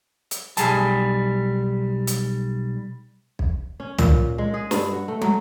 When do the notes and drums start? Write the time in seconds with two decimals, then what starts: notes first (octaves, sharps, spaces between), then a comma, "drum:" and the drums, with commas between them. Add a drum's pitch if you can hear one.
0.31 drum: hi-hat
0.57 B1 G3 G#4 A5, drum: hi-hat
2.07 drum: hi-hat
3.39 drum: kick B1
3.80 C#4
3.98 A#2, drum: tom
4.38 G#3
4.54 G#4
4.71 G2, drum: snare
4.92 F#4
5.08 A3
5.21 F#3, drum: tom